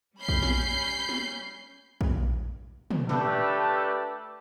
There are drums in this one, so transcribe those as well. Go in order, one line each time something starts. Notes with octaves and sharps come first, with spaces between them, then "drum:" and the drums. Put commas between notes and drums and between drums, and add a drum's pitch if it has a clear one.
G3 C#4 B5 G6 C7
drum: kick A#1
drum: snare
drum: snare
drum: kick A#1
drum: tom
A3 D4 G4 A4 B4, drum: snare